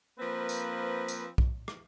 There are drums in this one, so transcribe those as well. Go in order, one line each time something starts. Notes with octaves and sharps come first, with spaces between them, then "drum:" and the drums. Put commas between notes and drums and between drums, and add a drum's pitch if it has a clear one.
F3 A#3 C4 B4
drum: tambourine
drum: tambourine
drum: kick B1
drum: rim click